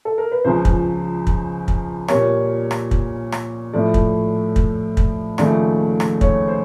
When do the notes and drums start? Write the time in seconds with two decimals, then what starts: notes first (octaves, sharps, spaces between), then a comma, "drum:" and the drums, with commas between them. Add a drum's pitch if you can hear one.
0.05 A4
0.18 A#4
0.32 B4
0.44 C#2 C#3 F3 C5
0.65 drum: kick
1.27 drum: kick
1.68 drum: kick
2.08 A#2 G3 A#3 C#5, drum: rim click
2.71 drum: rim click
2.91 drum: kick
3.32 drum: rim click
3.73 A2 F3 A3 D5
3.94 drum: kick
4.56 drum: kick
4.97 drum: kick
5.38 D#2 C#3 F3 A3 D5, drum: rim click
6.00 drum: rim click
6.21 C#5, drum: kick
6.48 C5